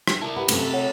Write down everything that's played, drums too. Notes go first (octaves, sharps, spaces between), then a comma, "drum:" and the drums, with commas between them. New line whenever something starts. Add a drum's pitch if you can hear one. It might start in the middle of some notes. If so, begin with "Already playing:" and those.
drum: rim click
E4 A#4 A5
G4 B4 F#5
F#2 C3 A3 C#4 C5, drum: cymbal
A4
C#5 F#5